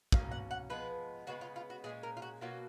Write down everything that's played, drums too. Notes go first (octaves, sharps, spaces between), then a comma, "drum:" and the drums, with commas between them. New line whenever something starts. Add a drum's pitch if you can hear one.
B2 A#3 C#4 F5, drum: kick
F#5
F#5
F3 G#3 B3 B4
C#3 G#3 B3 F#4
F4
F4
F#4
A#2 G#3 C#4 G#4
A#4
F4
F#4
B2 F#3 A#3 C#4 F4